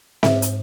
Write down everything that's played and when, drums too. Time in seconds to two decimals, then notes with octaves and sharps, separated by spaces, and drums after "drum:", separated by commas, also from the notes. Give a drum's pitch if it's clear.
0.23 G#2 E5, drum: snare C4
0.42 drum: hi-hat